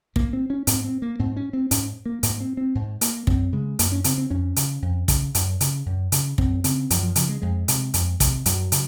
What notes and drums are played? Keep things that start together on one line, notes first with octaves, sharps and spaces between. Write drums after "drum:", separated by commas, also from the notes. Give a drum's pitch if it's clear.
G#2 A#3, drum: kick
C4
C#4
G#2 C4, drum: hi-hat
C4
A#3
G#2 C4
C#4
C4
G#2 C#4, drum: hi-hat
A#3
G#2 A#3, drum: hi-hat
C4
C4
G#2
A#3, drum: hi-hat
F#2 C4, drum: kick
C#3 G#3
F#2 A#3, drum: hi-hat
C#4
C#3 C4, drum: hi-hat
C4
F2 C#4
C#3, drum: hi-hat
F2
C#3, drum: kick, hi-hat
F#2, drum: hi-hat
C#3, drum: hi-hat
F#2
C#3, drum: hi-hat
F#2 C4, drum: kick
C#3 C4, drum: hi-hat
F#2 F3, drum: hi-hat
F3
C#3 F3, drum: hi-hat
G#3
F2 G#3
C3, drum: hi-hat
F2, drum: hi-hat
C3, drum: kick, hi-hat
F#2 F#3, drum: hi-hat
C#3, drum: hi-hat